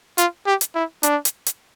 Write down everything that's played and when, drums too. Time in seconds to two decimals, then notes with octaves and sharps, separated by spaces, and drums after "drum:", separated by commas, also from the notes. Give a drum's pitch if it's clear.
0.18 F4, drum: hi-hat
0.46 G4
0.61 drum: hi-hat
0.75 E4
1.03 D4, drum: hi-hat
1.25 drum: hi-hat
1.46 drum: hi-hat